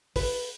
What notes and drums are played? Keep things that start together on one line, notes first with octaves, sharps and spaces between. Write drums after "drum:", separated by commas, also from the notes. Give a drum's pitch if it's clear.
B4, drum: kick, open hi-hat